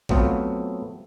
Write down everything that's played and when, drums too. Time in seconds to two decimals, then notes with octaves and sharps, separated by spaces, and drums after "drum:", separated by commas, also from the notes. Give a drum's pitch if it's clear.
0.09 F#3 A3 B3 C4 F4, drum: kick A1